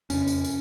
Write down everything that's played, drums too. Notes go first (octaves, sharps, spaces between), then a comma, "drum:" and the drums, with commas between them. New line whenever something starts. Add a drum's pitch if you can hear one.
F2 C#3 C#4, drum: tambourine
drum: tambourine
drum: tambourine